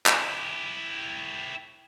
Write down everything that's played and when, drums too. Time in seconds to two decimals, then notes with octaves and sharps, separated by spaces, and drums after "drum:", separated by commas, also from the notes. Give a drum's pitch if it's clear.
0.06 E4 G4, drum: clap